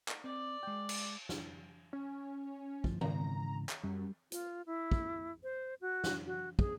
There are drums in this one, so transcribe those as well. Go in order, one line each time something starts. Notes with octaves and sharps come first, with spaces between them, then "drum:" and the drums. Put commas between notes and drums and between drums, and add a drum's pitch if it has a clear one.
drum: clap
C4 D5
G#3 G5
drum: cymbal
drum: snare
C#4
G1 F3, drum: kick
G#2 C#3 E3 A#5, drum: tom D#3
drum: clap
F#2 G3
F4, drum: hi-hat
E4
drum: kick
C5
F#4
drum: snare
F#4
G#4, drum: kick